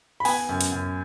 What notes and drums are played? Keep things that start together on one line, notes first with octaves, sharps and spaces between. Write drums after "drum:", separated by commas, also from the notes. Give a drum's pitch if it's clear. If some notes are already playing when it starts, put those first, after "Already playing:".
B5
B3 G#5, drum: open hi-hat
F#2
drum: hi-hat
F#2